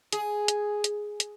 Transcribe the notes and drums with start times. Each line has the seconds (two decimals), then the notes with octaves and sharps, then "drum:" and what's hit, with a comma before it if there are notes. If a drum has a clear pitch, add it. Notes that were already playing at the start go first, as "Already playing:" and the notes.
0.12 G#4, drum: hi-hat
0.48 drum: hi-hat
0.84 drum: hi-hat
1.20 drum: hi-hat